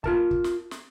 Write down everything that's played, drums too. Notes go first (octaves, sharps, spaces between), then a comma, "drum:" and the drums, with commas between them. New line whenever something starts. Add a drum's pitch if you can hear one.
F4 A#4 A5, drum: kick
drum: kick
drum: snare
drum: snare